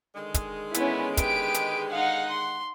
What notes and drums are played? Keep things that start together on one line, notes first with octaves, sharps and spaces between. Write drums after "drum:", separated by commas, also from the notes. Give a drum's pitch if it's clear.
D3 D#3 G#3
drum: kick, hi-hat
B3 C#4 E4, drum: hi-hat
G4 B4 D7, drum: kick, hi-hat
drum: hi-hat
D#4 F5 F#5
C6